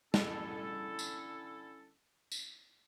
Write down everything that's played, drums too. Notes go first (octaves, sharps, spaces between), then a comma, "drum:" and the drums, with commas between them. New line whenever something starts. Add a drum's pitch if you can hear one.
D3 C#4 E4 A4, drum: snare
drum: tambourine
drum: tambourine